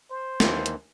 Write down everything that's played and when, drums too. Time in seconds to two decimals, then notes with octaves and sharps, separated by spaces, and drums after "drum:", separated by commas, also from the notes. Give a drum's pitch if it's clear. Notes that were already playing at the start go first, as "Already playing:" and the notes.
0.10 C5
0.40 D#2 E3, drum: snare
0.66 drum: hi-hat